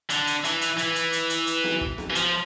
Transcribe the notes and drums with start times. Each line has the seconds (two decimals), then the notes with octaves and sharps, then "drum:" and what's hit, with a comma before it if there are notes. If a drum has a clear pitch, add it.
0.10 D3, drum: hi-hat
0.27 drum: hi-hat
0.44 E3, drum: hi-hat
0.61 drum: hi-hat
0.78 E3, drum: hi-hat
0.96 drum: hi-hat
1.13 drum: hi-hat
1.30 drum: hi-hat
1.47 drum: hi-hat
1.64 drum: snare B3
1.81 drum: kick
1.98 drum: snare B3
2.11 E3
2.15 F3, drum: hi-hat